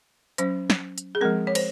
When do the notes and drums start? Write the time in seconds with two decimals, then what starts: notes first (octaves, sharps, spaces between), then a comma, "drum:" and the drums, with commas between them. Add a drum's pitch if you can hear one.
0.38 F#3 C#4 C5, drum: hi-hat
0.70 drum: snare
0.98 drum: hi-hat
1.15 G#4
1.21 F3 G#3 C4 A#4
1.47 C#5
1.55 C5, drum: cymbal